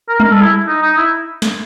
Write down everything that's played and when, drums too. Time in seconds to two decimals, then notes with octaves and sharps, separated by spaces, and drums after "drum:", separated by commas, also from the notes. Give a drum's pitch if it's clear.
0.09 A#4
0.20 A#4, drum: tom G3
0.31 A4
0.41 E4
0.67 D#4
0.82 D#4
0.97 E4
1.42 drum: snare